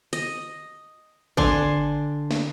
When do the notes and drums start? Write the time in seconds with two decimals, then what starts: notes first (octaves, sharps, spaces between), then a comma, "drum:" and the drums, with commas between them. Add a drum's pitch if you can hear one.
0.13 D#5, drum: hi-hat
1.37 D3 D4 G#5 C6, drum: kick G#1
2.31 drum: snare